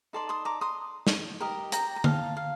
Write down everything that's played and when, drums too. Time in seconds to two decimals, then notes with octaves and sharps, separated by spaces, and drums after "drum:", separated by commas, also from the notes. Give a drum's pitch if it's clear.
0.13 D#4 A4 D5 A5 C6
0.29 C6 D#6
0.45 A#5 D6
0.61 C6 D#6
1.07 drum: snare
1.40 G4 A#4 D#5
1.72 G5 A#5, drum: hi-hat
1.96 A#5
2.04 F5 A5, drum: tom D3
2.37 F5